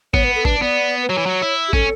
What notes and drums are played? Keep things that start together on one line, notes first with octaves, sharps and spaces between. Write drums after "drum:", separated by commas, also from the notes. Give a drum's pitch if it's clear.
B3 C#5, drum: kick
B4
A4
D4 B4, drum: kick
B3 D5
B4
F#3 C#5
E3
F#3
E4
G4
C#4 A4, drum: kick